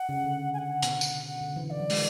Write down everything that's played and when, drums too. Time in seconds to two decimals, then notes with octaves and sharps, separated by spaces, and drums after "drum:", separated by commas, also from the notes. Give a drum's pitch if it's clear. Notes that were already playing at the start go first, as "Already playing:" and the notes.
Already playing: F#5
0.09 C#3
0.24 D3
0.53 G#5
0.58 F#5
0.82 B2, drum: hi-hat
1.01 drum: tambourine
1.41 D3
1.56 E3
1.70 E3 D5
1.80 F#3
1.90 G#3, drum: open hi-hat